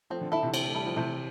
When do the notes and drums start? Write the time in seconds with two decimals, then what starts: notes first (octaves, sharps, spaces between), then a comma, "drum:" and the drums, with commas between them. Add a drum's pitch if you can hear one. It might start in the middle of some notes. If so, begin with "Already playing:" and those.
0.10 F3 A3 C4
0.21 D3
0.32 D3 E4 A4
0.43 C3 E3
0.54 C4, drum: cymbal
0.64 A3
0.74 G3 E4 A4
0.86 F3
0.96 C3 E3 A3